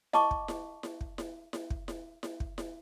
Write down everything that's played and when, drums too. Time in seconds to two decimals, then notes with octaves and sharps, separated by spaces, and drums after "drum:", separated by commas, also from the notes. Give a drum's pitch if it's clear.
0.13 D#5 F#5 A5 C#6 D6, drum: snare E4
0.31 drum: kick
0.48 drum: snare E4
0.83 drum: snare E4
1.01 drum: kick
1.18 drum: snare E4
1.53 drum: snare E4
1.70 drum: kick
1.88 drum: snare E4
2.23 drum: snare E4
2.40 drum: kick
2.58 drum: snare E4